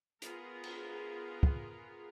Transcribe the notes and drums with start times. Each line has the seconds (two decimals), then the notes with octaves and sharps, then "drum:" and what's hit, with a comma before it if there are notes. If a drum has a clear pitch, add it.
0.22 B3 F4 G#4 A#4, drum: hi-hat
0.64 drum: cymbal
1.43 drum: kick